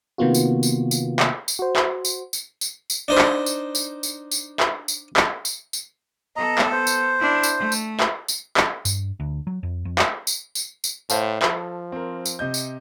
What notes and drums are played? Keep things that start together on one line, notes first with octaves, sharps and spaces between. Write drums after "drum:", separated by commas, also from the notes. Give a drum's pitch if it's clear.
C3 D#3 A#3 B3 F4 F#4
drum: tambourine
drum: tambourine
drum: tambourine
drum: clap
drum: tambourine
F#4 C5
drum: clap
drum: tambourine
drum: tambourine
drum: tambourine
drum: tambourine
D4 D#4 C5
drum: clap
drum: tambourine
drum: tambourine
drum: tambourine
drum: tambourine
drum: clap
drum: tambourine
drum: clap
drum: tambourine
drum: tambourine
B3 A4 D#5 A#5
drum: clap
C5
drum: tambourine
D4 E4
drum: tambourine
A3
drum: tambourine
drum: clap
drum: tambourine
drum: clap
G2, drum: tambourine
D2
F#3
F2
F2
drum: clap
drum: tambourine
drum: tambourine
drum: tambourine
A2 C5 F5 A5, drum: tambourine
F3 A4, drum: clap
C4 A#4
drum: tambourine
C3 D#5 G6
drum: tambourine